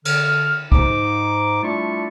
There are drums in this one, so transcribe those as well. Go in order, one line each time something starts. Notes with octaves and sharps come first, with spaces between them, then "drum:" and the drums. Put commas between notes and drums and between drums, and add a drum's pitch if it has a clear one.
D3 F6, drum: cymbal
G#2 D#4 D6, drum: kick
G3 A3 D4 E4 F4 C#6